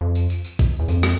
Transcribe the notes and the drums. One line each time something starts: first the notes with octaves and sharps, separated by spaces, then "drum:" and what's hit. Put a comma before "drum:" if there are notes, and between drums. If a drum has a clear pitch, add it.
F2
drum: tambourine
drum: tambourine
drum: tambourine
drum: kick, tambourine
E2
F2, drum: tambourine
drum: rim click